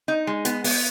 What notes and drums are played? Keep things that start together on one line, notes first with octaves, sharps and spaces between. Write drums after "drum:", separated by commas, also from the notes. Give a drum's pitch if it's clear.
D#4
G#3
B3, drum: hi-hat
B3, drum: open hi-hat